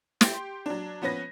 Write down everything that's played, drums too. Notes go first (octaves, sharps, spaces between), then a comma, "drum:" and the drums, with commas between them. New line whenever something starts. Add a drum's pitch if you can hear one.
G4 G5 C6, drum: snare
F#3 D4
F3 B3 C#4 B4 A#6